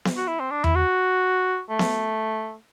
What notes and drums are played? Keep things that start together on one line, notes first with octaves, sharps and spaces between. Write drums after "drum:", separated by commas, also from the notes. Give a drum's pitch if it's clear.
drum: snare B3
F#4
E4
C4
D4
E4, drum: tom E2
F#4
A3
drum: snare B3